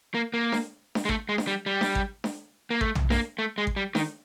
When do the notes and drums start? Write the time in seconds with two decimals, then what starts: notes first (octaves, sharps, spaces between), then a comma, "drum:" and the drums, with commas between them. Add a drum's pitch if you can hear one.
0.14 A#3
0.34 A#3
0.52 drum: snare D4
0.95 drum: snare D4
1.05 G#3
1.09 A3, drum: kick G#1
1.29 G#3
1.38 drum: snare D4
1.47 G3
1.66 G3
1.81 drum: snare D4
1.95 drum: kick G#1
2.24 drum: snare D4
2.70 A#3
2.81 A3, drum: kick G#1
2.95 drum: tom B1
3.10 A#3, drum: snare D4
3.39 A3
3.58 G#3
3.67 drum: kick G#1
3.76 G3
3.95 D#3, drum: snare D4